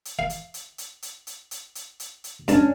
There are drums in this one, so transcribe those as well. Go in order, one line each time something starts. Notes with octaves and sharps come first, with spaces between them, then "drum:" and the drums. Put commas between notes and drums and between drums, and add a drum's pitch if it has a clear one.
drum: hi-hat
F5
drum: hi-hat
drum: hi-hat
drum: hi-hat
drum: hi-hat
drum: hi-hat
drum: hi-hat
drum: hi-hat
drum: hi-hat
drum: hi-hat
G2 C#4 D4 A5, drum: hi-hat